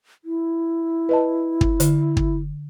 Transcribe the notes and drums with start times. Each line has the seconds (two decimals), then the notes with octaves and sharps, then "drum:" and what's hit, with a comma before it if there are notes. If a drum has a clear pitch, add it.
0.25 E4
1.09 B4 D#5 A5
1.61 drum: kick
1.80 D3, drum: hi-hat
2.17 drum: kick